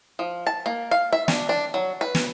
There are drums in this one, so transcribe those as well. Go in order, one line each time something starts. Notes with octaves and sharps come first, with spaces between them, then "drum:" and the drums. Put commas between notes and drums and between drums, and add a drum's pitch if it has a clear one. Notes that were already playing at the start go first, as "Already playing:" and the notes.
F3
A5
A#3
F5
E5
D4, drum: snare
D4
F#3
B4
drum: snare